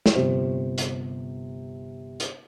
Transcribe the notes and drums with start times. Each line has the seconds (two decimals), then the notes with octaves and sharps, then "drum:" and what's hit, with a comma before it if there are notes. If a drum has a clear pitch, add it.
0.06 drum: snare
0.15 G1 C3 C5
0.78 drum: hi-hat
2.20 drum: hi-hat